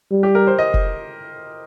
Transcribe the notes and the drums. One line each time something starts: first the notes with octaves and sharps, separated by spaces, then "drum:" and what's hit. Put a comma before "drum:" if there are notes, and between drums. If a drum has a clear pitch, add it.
G3
G4
A#4
C5
D#5
drum: kick F1